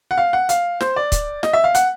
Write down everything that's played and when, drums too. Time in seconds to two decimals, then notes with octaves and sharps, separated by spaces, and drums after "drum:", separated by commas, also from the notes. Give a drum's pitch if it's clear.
0.11 F#5
0.18 F5
0.33 F#5
0.49 F5, drum: hi-hat
0.81 C5, drum: snare
0.96 D5
1.12 drum: kick, hi-hat
1.43 D#5, drum: snare
1.53 E5
1.64 F5
1.75 F#5, drum: hi-hat